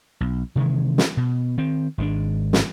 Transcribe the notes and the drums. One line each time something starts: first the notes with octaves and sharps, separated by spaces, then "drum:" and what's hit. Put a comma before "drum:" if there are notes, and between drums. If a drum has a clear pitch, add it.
B1
C3 D#3 E3 G#3
drum: snare
B2
D#3 C4
G#1 G#3 D4
drum: snare